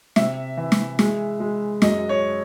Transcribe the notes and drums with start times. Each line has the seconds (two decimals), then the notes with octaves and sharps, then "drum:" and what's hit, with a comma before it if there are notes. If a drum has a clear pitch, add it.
0.16 C3 E5, drum: snare
0.57 E3
0.72 drum: snare
0.99 G#3, drum: snare
1.40 G#3
1.82 F#2 D#5, drum: snare
2.09 C#5